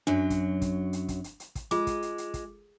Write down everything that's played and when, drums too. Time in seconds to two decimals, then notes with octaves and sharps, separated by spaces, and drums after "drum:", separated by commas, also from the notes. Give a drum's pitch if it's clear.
0.07 F#2 F#3 D4
0.30 drum: kick, hi-hat
0.62 drum: kick, hi-hat
0.93 drum: hi-hat
1.08 drum: kick, hi-hat
1.24 drum: hi-hat
1.40 drum: hi-hat
1.55 drum: kick, hi-hat
1.71 G#3 F4 D6, drum: hi-hat
1.87 drum: kick, hi-hat
2.02 drum: hi-hat
2.18 drum: hi-hat
2.34 drum: kick, hi-hat